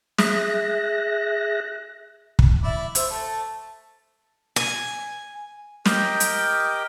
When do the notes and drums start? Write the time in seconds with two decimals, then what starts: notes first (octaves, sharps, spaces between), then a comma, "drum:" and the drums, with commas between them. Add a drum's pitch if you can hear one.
0.19 G#4 E5 F#6 A#6, drum: snare
2.39 drum: kick
2.63 E4 D5 E5
2.95 C5 E5, drum: hi-hat
3.09 A3 A5
4.56 G#5, drum: rim click
5.86 G4 A#4 D#5 G5, drum: snare
6.20 drum: hi-hat